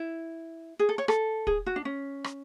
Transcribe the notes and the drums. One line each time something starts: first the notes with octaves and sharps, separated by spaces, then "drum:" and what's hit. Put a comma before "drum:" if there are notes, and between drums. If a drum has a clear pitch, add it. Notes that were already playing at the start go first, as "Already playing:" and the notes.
Already playing: E4
G#4
A4
C#5
A4, drum: rim click
G#4, drum: kick
F#4
D4
C#4
drum: rim click